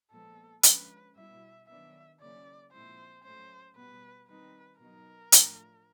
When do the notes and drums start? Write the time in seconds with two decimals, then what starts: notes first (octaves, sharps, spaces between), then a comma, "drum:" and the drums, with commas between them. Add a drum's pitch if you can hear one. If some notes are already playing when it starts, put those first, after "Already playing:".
0.11 A#2 F3 G#3 B3 A4
0.63 D3 F3 G#3 C#4 B4, drum: hi-hat
1.16 B2 G3 B3 E4 E5
1.67 D#3 F#3 B3 D4 E5
2.19 C#3 F#3 A#3 C#4 E4 D5
2.72 A#2 F3 G#3 C4 E4 C5
3.23 A2 F#3 A3 C#4 C5
3.76 B2 G3 B3 B4
4.28 D#3 G3 C4 D#4 B4
4.80 B2 F#3 B3 D#4 A#4
5.32 A2 F3 A3 D4, drum: hi-hat